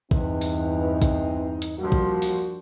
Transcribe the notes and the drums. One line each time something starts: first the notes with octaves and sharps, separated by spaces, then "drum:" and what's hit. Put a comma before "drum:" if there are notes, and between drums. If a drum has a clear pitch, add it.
E2 G2 E3 C4 D#4, drum: kick
drum: open hi-hat
drum: kick, hi-hat
drum: hi-hat
F3 G3 A#3 D4 F#4
drum: kick
drum: open hi-hat